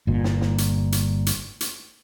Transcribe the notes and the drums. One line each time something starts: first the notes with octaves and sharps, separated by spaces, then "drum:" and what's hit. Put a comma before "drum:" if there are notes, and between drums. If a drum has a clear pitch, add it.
G1 A#2
drum: snare
drum: snare
drum: hi-hat
drum: hi-hat
drum: hi-hat
drum: hi-hat